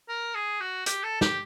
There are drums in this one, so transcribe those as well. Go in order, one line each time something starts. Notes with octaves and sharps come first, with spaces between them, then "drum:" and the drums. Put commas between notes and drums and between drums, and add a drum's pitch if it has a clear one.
A#4
G#4
F#4
G4, drum: hi-hat
A4
G4, drum: snare